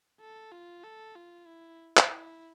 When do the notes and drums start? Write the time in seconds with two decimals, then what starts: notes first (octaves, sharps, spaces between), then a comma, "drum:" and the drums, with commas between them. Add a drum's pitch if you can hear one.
0.21 A4
0.52 F4
0.83 A4
1.15 F4
1.47 E4
1.97 drum: clap
2.09 E4